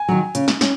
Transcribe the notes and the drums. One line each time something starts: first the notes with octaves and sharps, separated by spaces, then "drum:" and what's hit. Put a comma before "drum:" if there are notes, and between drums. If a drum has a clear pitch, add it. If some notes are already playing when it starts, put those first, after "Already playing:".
Already playing: G#5
D#3 F#3
C#3, drum: hi-hat
drum: snare
C#4, drum: snare